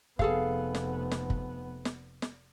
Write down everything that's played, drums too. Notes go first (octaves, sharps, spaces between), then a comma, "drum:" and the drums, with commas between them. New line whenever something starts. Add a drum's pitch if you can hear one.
F1 B3 G#4 A4 F5, drum: kick F#1
drum: snare
drum: snare
drum: kick F#1
drum: snare
drum: snare